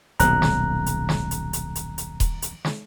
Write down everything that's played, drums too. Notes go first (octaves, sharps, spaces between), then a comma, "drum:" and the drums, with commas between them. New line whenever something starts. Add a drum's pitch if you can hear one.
D#1 B1 B2 A#5 F#6, drum: hi-hat
drum: snare
drum: hi-hat
drum: snare
drum: hi-hat
drum: hi-hat
drum: hi-hat
drum: hi-hat
drum: kick D#1, hi-hat
drum: hi-hat
drum: snare